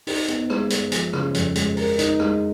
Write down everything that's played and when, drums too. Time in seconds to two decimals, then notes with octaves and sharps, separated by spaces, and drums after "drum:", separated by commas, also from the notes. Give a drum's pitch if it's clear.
0.07 D#4, drum: open hi-hat
0.28 B3, drum: hi-hat
0.50 G#3, drum: rim click
0.70 G#3, drum: hi-hat
0.92 F3, drum: hi-hat
1.13 C#3, drum: rim click
1.34 F2, drum: hi-hat
1.55 G#3, drum: hi-hat
1.77 A#4, drum: open hi-hat
1.99 D#4, drum: hi-hat
2.20 G#3, drum: rim click